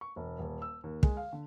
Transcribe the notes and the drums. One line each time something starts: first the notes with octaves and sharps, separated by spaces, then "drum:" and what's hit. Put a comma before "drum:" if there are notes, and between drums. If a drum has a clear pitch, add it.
C#6
E1
D#1
E6
D#2
G#3, drum: kick
F5
D3